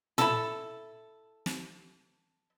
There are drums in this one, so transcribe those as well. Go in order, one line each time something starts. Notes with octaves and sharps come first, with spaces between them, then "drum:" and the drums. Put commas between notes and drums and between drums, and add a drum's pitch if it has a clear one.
E4 A4, drum: tom
drum: snare